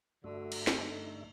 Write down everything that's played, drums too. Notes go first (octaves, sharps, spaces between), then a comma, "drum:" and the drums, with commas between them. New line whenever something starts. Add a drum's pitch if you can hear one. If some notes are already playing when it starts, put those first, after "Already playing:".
G2 D3 A3 F#4
drum: cymbal
D#4, drum: snare